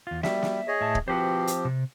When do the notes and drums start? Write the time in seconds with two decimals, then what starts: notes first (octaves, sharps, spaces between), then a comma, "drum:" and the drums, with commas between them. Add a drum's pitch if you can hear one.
0.07 E2 F4
0.23 G3 E5, drum: snare
0.42 drum: snare
0.68 G#4 C#5 D#5
0.81 A2 E5 A5
0.95 drum: kick
1.08 F3 C4 F#4 G4 B4 C5
1.47 drum: hi-hat
1.65 C3